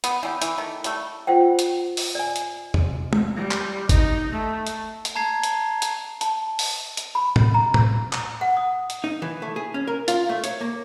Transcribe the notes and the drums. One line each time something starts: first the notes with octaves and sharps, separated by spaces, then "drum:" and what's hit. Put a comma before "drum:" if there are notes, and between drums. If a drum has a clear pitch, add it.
B3, drum: hi-hat
E3 D4 G4
E3, drum: hi-hat
D#3 A3
G3 A3, drum: hi-hat
F4 C5 F#5 G5
drum: hi-hat
drum: open hi-hat
D5 G#5
drum: hi-hat
drum: tom E2
drum: tom
G3
drum: clap
D#4, drum: kick, hi-hat
A3
drum: hi-hat
drum: hi-hat
A5 A#5 G#6 C7
drum: hi-hat
drum: hi-hat
A5, drum: hi-hat
drum: open hi-hat
drum: hi-hat
B5
drum: tom A2
A#5
drum: tom A2
drum: clap
F#5
D#6
drum: hi-hat
D#4
E3
A3
G#4
C#4
A#4
F4, drum: hi-hat
A3
C#5, drum: hi-hat
A#3